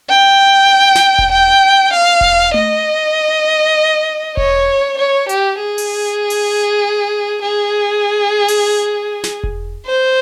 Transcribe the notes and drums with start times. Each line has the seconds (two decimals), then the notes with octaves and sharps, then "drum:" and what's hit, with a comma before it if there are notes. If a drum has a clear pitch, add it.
0.10 G5
0.95 drum: snare
1.19 drum: kick E1
1.32 G5
1.93 F5
2.21 drum: kick E1
2.54 D#5, drum: tom A3
4.37 C#5, drum: kick E1
4.98 C#5
5.29 G4, drum: hi-hat
5.59 G#4
5.78 drum: open hi-hat
6.30 drum: open hi-hat
7.42 G#4
8.48 drum: open hi-hat
9.24 drum: snare
9.43 drum: kick E1
9.87 C5